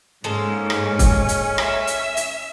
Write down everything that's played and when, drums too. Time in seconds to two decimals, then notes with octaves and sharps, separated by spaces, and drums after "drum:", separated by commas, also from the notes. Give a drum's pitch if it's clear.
0.24 G#2 G#3 A#3 C#4 A4
0.70 drum: rim click
0.99 drum: kick, hi-hat
1.29 drum: hi-hat
1.58 E5, drum: rim click
1.87 drum: hi-hat
2.17 drum: hi-hat